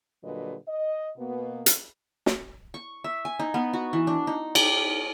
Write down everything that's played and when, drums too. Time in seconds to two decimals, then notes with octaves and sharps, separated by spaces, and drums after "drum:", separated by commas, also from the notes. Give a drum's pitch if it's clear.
0.23 A#2 D3 F#3 G3 B4 D#5
0.68 D#5
1.17 B2 A#3 B3
1.66 drum: hi-hat
2.26 drum: snare
2.74 C#6
3.04 E5
3.25 G#5
3.39 D#4
3.54 B3
3.73 F#4
3.93 E3
4.07 D4
4.27 D#4
4.55 G4, drum: cymbal